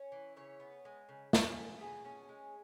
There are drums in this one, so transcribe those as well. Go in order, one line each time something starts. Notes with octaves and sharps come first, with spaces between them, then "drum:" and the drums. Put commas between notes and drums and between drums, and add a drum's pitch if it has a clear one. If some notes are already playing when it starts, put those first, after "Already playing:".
Already playing: C#4 C#5
E3
C#3 C#5
B3
G#3
C#3
C#3, drum: snare
B3
B2 G#4
C#4
G#3